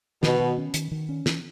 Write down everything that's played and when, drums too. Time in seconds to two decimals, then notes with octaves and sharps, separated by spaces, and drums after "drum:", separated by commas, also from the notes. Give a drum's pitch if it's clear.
0.23 B2 D#3, drum: snare
0.40 D#3
0.58 C#4
0.74 D#3, drum: hi-hat
0.91 D#3
1.09 C#4
1.26 E3, drum: snare